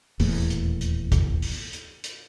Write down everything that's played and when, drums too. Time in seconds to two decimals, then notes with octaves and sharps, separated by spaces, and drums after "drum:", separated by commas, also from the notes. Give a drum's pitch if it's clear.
0.20 D#1 E2 A2, drum: open hi-hat
0.50 drum: hi-hat
0.81 drum: hi-hat
1.12 drum: kick G#1, hi-hat
1.42 drum: open hi-hat
1.73 drum: hi-hat
2.04 drum: hi-hat